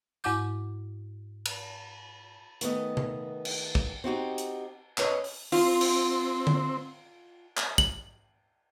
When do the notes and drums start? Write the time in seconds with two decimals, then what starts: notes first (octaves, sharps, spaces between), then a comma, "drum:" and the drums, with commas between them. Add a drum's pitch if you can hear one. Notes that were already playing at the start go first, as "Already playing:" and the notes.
0.24 G#2 E4 F#5 D6 G6, drum: tambourine
1.46 drum: cymbal
2.61 D#3 A3 B3 D#5, drum: hi-hat
2.97 drum: tom C3
3.45 drum: cymbal
3.75 drum: kick
4.04 C4 D#4 F#4 G4
4.38 drum: hi-hat
4.98 C#4 B4 C#5 D#5, drum: clap
5.24 drum: open hi-hat
5.52 C4 F4, drum: open hi-hat
5.81 drum: cymbal
6.47 drum: tom D3
7.57 drum: clap
7.78 F#7, drum: kick